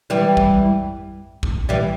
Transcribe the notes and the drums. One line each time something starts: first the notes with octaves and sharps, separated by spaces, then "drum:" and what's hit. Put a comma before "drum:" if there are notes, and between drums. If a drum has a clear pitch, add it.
E3 G3
drum: kick A#1
drum: kick A#1
E3 G3